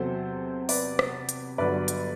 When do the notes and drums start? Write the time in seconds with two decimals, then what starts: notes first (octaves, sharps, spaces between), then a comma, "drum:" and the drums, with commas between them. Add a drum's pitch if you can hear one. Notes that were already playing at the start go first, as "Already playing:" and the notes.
Already playing: E2 C3 F#3 A4 C5
0.69 B4 D5, drum: open hi-hat
0.99 drum: rim click
1.29 drum: hi-hat
1.58 G1 G2 D3 F#3 B4 D5
1.88 drum: hi-hat